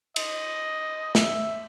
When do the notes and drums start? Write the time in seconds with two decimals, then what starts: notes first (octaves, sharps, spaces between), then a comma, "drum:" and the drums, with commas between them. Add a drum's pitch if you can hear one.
0.16 D#5, drum: cymbal
1.15 E5, drum: snare